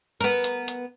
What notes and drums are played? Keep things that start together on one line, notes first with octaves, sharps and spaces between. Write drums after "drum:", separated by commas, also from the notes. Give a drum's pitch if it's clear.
B3 A#4, drum: hi-hat
drum: hi-hat
drum: hi-hat